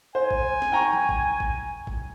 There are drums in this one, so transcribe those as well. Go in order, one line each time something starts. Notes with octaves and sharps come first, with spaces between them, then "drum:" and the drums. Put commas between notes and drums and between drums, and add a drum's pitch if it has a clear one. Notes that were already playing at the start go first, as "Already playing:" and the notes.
C5 G#5
drum: kick
drum: snare
G5 A#5 C#6
drum: tom F3
drum: kick
drum: kick
drum: kick